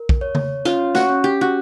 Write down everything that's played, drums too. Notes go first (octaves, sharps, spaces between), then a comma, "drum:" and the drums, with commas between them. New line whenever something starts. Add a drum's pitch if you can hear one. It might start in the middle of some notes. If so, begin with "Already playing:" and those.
Already playing: A#4
drum: kick
C#5
drum: tom C#3
C#4 F4, drum: rim click
F#4, drum: snare
C#4
G4
F#4